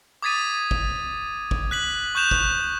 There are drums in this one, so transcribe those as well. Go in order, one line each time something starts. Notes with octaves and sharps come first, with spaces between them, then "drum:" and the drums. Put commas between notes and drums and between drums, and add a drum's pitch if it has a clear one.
D6 D#6 G#6 A6 B6 D#7
drum: kick
drum: kick
F#6 B6 F#7
C#6 F#6 G6 E7 F7
drum: kick